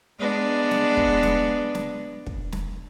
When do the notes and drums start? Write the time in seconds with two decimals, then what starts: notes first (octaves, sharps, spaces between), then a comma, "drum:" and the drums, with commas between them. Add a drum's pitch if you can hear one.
0.19 G#3 B3 D4
0.71 drum: snare
0.97 drum: kick
1.23 drum: snare
1.75 drum: snare
2.26 drum: kick
2.52 drum: snare